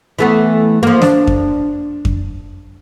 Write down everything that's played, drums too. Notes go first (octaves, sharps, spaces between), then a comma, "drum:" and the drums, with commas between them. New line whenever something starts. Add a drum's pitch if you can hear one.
E3 A3 B3
F3 A#3
D4, drum: snare
drum: kick F2
drum: kick F2